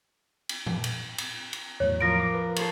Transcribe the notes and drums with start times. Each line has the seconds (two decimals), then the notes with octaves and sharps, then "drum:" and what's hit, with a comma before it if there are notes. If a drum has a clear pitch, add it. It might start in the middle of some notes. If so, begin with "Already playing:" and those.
0.49 drum: cymbal
0.66 drum: tom A2
0.84 drum: cymbal
1.18 drum: cymbal
1.53 drum: cymbal
1.80 E2 A2 F#3 C#5
2.01 F3 A#4 A#6 D7
2.19 A#5 D6
2.34 B4
2.56 A4 C5 C#5, drum: cymbal